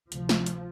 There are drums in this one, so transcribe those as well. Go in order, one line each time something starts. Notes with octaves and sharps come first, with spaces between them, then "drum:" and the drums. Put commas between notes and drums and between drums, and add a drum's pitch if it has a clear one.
D2 C3 F3, drum: hi-hat
drum: snare
drum: hi-hat